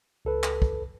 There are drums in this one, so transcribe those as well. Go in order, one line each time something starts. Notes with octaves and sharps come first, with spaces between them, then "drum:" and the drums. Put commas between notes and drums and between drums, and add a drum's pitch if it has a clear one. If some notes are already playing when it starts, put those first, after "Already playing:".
C#2 A4 B4
drum: clap
drum: kick